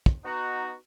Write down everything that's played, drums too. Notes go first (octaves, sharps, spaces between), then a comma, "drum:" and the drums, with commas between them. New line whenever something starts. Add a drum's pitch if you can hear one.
drum: kick
B3 D#4 F#4